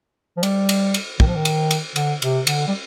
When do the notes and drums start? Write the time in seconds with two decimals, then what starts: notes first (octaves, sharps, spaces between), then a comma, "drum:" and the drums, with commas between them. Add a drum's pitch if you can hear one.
0.37 F3
0.43 G3, drum: cymbal
0.69 drum: cymbal
0.94 drum: cymbal
1.20 D#3, drum: kick
1.27 F3
1.36 D#3
1.45 drum: cymbal
1.71 drum: cymbal
1.96 D3, drum: cymbal
2.22 C3, drum: cymbal
2.47 D3, drum: cymbal
2.68 G3